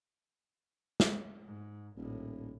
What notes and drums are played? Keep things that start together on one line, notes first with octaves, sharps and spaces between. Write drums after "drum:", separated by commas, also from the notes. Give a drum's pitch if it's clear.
drum: snare
G#2
D#1 A#1 A2